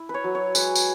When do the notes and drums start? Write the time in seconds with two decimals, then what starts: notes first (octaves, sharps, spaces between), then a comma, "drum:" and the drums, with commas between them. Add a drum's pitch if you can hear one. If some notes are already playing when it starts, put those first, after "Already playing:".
Already playing: E4
0.09 B4
0.14 C#5
0.24 F#3
0.35 C#5
0.55 G#3 B4, drum: tambourine
0.75 drum: tambourine